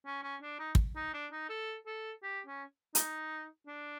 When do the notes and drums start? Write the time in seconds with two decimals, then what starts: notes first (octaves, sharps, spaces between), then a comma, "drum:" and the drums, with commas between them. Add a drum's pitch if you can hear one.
0.06 C#4
0.23 C#4
0.42 D4
0.59 D#4
0.75 drum: kick
0.96 D#4
1.14 D4
1.32 D#4
1.50 A4
1.86 A4
2.23 G4
2.47 C#4
2.95 D#4, drum: hi-hat
3.67 D4